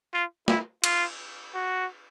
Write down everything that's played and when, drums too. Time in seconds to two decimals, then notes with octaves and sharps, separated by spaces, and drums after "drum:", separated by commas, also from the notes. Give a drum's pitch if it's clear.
0.13 F4
0.48 E4, drum: snare
0.84 F4, drum: cymbal
1.55 F#4